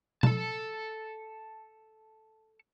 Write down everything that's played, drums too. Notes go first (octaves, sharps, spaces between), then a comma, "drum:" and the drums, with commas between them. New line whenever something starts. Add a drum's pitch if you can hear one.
A4 A5, drum: tom B2